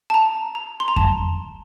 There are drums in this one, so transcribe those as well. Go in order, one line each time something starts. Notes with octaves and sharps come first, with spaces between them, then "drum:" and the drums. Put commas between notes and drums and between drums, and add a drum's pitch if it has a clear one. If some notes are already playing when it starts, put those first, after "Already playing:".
A5
A#5
A#5
C6
A#5
A5, drum: kick F2